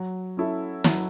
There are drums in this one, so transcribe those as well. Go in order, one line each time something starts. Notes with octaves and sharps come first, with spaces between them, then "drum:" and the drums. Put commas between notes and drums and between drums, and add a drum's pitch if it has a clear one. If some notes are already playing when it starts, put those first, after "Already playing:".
Already playing: F#3
C#4 E4 A4
F#3, drum: snare